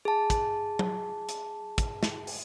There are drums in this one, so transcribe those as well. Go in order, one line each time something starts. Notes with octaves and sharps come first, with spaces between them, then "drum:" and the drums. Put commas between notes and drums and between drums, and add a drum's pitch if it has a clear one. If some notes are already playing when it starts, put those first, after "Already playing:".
G#4 A5
drum: kick, hi-hat
drum: tom
drum: hi-hat
drum: kick, hi-hat
drum: snare
drum: open hi-hat